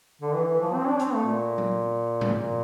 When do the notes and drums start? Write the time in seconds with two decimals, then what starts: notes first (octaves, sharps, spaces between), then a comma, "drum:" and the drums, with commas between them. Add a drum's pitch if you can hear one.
0.21 D3
0.34 E3
0.48 E3
0.60 F3
0.74 C4
0.87 D4
1.00 C4, drum: hi-hat
1.13 A3
1.26 A#2
1.58 drum: tom F#3
2.21 drum: tom
2.32 A#2